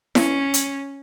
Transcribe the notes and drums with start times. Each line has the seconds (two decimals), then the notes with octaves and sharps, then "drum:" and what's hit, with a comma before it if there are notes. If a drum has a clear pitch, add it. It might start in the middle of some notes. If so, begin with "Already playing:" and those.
0.15 C#4, drum: snare E4
0.54 drum: hi-hat